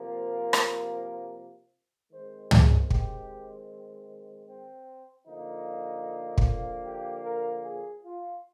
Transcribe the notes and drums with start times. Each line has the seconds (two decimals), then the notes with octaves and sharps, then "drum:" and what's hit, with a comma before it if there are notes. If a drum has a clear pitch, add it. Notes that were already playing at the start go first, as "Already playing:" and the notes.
Already playing: C3 F3 A#3 A#4
0.53 drum: rim click
2.11 D#3 G#3 C4 C5
2.51 G#4, drum: tom
2.90 G4, drum: kick
4.48 C4
5.26 D3 F3 A#3 D#4
6.38 drum: kick
6.85 G4
7.24 A#4
7.63 G#4
8.03 F4